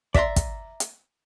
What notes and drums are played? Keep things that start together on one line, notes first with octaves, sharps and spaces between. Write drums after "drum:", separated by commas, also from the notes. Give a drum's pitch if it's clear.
D5 E5 F5 A#5 C6, drum: kick
drum: kick, hi-hat
drum: hi-hat